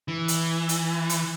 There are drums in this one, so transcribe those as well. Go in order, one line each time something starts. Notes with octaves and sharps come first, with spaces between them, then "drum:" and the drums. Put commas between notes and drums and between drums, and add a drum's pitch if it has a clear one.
E3
drum: hi-hat
drum: hi-hat
drum: hi-hat